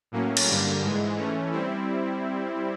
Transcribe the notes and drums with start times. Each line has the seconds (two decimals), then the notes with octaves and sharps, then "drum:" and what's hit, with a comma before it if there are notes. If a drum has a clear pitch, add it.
0.12 A2 F#3 A#3 C#4
0.37 drum: cymbal
0.46 G2 D3 G3 A#3
0.82 G#2 E3 G#3
1.16 E3 A3 C#4
1.51 G3 C4 E4